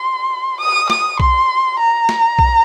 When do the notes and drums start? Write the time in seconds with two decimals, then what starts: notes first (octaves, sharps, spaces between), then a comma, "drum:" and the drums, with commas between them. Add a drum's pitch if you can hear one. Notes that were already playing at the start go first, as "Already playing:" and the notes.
Already playing: C6
0.60 D#6
0.90 D#6, drum: snare
1.20 C6, drum: kick B1
1.79 A#5
2.09 drum: snare
2.39 drum: kick B1